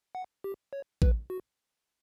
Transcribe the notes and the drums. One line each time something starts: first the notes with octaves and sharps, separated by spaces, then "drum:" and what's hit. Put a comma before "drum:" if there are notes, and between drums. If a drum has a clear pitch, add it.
F#5
G4
C#5
B4, drum: kick A1
F#4